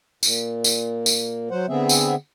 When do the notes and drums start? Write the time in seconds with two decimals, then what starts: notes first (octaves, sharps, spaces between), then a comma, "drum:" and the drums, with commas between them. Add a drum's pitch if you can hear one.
0.23 A#2, drum: tambourine
0.64 drum: tambourine
1.06 drum: tambourine
1.51 F#3 C5 F#5
1.69 D3 B3 C4 G#4 E5
1.89 drum: tambourine